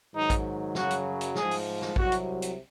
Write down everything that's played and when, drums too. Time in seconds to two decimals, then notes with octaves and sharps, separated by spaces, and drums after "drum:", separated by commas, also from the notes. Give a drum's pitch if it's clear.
0.14 G#2 D#3 F#3 D#4
0.30 drum: kick A1, hi-hat
0.75 F#2 C#3 F#3 F#4, drum: snare
0.90 drum: hi-hat
1.21 drum: hi-hat
1.35 G#2 F3 G#4, drum: snare
1.51 drum: open hi-hat
1.81 drum: snare
1.96 C2 C3 F#3 F#4, drum: kick A1
2.12 drum: hi-hat
2.42 drum: hi-hat